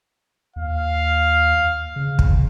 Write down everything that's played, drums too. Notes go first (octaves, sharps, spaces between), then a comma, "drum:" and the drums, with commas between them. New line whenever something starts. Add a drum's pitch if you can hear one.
D#2 F5
C#3
drum: kick